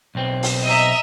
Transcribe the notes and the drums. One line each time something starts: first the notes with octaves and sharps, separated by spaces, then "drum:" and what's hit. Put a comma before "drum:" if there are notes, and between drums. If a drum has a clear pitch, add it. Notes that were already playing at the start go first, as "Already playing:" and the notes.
B1 C4
drum: open hi-hat
D#5 E5 A#5